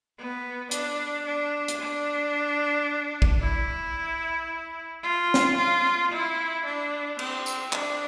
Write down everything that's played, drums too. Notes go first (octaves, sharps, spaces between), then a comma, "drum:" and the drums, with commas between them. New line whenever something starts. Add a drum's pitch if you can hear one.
B3
D4, drum: hi-hat
D4
drum: hi-hat
D4
drum: kick
E4
F4
drum: snare
F4
E4
D4
C4, drum: cymbal
drum: tambourine
D4, drum: clap